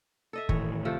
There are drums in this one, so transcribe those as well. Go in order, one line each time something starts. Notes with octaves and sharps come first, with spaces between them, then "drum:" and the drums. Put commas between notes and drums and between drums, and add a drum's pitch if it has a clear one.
A4 D#5 E5
A2 D#3 E3 C#5, drum: kick F#1
C3 F3 A3